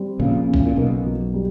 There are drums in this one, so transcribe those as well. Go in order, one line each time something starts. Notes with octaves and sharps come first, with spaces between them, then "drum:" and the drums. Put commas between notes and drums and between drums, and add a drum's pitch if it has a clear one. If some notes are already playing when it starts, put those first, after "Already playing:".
Already playing: G3 C4
A#1 A#2 C#3
C#4
A2, drum: kick A#1
A#2
B1 B2 A#3
F#3
G3